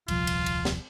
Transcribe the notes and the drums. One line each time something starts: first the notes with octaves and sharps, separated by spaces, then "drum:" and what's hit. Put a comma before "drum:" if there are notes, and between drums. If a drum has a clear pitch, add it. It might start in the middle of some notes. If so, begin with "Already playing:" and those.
D#1 C2 F3 F4, drum: cymbal
drum: cymbal
drum: cymbal
drum: snare